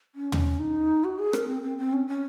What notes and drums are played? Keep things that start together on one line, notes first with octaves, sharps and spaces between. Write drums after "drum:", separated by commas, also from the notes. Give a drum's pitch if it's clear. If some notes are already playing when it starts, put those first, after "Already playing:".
C#4
drum: tom
D#4
F#4
G#4
A#4, drum: rim click
C4
C4
C4
C#4
C#4